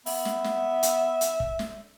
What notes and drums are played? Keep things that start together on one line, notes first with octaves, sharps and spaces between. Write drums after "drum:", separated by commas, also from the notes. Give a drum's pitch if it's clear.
B3 E5, drum: open hi-hat
drum: snare
drum: snare
drum: hi-hat
drum: hi-hat
drum: kick
drum: snare